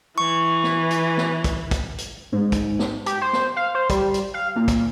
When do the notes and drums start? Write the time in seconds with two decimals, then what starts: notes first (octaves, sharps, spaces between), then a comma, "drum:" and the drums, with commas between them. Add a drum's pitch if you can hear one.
0.18 E3 C#6
0.64 drum: snare
0.91 drum: hi-hat
1.17 drum: snare
1.44 drum: kick, hi-hat
1.71 drum: kick, hi-hat
1.98 drum: hi-hat
2.32 G#2
2.52 drum: kick, hi-hat
2.79 drum: snare
3.06 G4, drum: hi-hat
3.21 C5
3.33 drum: snare
3.56 F5
3.75 C5
3.90 G3, drum: kick, hi-hat
4.14 drum: hi-hat
4.34 F5
4.56 A#2
4.68 drum: kick, hi-hat